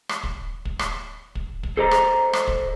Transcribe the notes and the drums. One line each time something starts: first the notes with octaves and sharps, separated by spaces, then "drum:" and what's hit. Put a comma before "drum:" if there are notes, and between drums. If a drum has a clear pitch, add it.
drum: rim click
drum: kick
drum: kick
drum: rim click
drum: kick
drum: kick
A4 C5 D5 D#5 A#5
drum: rim click
drum: rim click
drum: kick